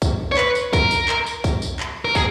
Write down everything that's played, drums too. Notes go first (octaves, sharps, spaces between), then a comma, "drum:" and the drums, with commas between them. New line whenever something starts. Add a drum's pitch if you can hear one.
drum: kick, tambourine
C#5
B4, drum: clap
drum: tambourine
A#4, drum: kick, tambourine
drum: tambourine
drum: clap
drum: tambourine
drum: kick, tambourine
drum: tambourine
drum: clap
A#4
G#4, drum: kick, tambourine